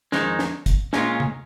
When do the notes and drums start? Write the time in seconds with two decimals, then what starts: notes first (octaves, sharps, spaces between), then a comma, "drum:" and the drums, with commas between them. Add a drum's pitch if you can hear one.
0.12 F2 D#3 G#3 D#4, drum: snare
0.39 drum: snare
0.66 drum: kick, hi-hat
0.93 A#2 G#3 C#4 F4, drum: snare
1.20 drum: tom C3